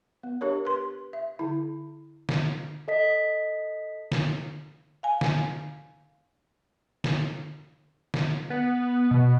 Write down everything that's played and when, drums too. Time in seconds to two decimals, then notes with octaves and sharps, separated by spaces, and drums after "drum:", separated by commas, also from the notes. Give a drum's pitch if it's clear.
0.23 B3
0.41 D4 G4 A#4 C#5
0.65 B4 C6
1.13 E5
1.39 D3 E4
2.29 drum: snare D3
2.88 A4 D#5 B6
4.12 drum: snare D3
5.03 F5 G#5
5.21 drum: snare D3
7.04 drum: snare D3
8.14 drum: snare D3
8.50 B3
9.11 B2